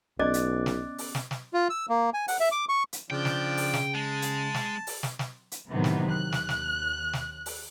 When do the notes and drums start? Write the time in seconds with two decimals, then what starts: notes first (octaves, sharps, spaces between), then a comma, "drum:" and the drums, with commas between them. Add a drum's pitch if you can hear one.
0.19 B1 B3 C#4 D5 D#5 D6 F#6 A6
0.34 drum: hi-hat
0.66 drum: snare
0.98 drum: open hi-hat
1.15 drum: snare
1.31 drum: snare
1.53 F4
1.70 E6
1.89 A#3
2.14 G#5
2.28 F#5, drum: open hi-hat
2.40 E5
2.52 D6
2.69 C#6
2.93 drum: hi-hat
3.10 C#3 F3 D4 G5
3.25 drum: snare
3.57 drum: open hi-hat
3.74 drum: snare
3.95 G#3 A5
4.22 drum: hi-hat
4.54 drum: snare
4.87 drum: open hi-hat
5.03 drum: snare
5.19 drum: snare
5.52 drum: hi-hat
5.70 A2 C3 D#3 E3 F#3 B3
5.84 drum: snare
6.10 D#2 F#6
6.32 drum: snare
6.49 drum: snare
7.13 drum: snare
7.46 drum: open hi-hat